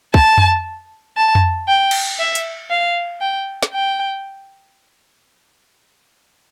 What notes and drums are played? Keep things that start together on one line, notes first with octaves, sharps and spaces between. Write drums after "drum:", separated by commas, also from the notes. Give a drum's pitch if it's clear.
A5, drum: kick
drum: tom F2
A5
drum: tom F2
G5
drum: cymbal
E5
drum: hi-hat
F5
G5
drum: snare
G5